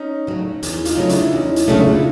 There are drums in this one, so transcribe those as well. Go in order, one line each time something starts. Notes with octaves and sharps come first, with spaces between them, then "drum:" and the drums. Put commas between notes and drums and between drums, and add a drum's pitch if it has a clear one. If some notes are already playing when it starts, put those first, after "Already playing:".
Already playing: C#4 D#4
C#3 F#3 A3
E2, drum: hi-hat
D#4 F4, drum: hi-hat
C#3 F#3 A3
D4 E4, drum: hi-hat
E2 C#4 D#4
drum: hi-hat
C#3 F#3 A3 D4 E4
F4
E4